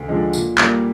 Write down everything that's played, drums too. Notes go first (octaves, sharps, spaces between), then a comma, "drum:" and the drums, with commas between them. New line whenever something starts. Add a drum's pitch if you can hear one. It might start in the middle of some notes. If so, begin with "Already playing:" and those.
Already playing: D2
D3 F3 G#3
A#2, drum: tambourine
G3 A#3, drum: clap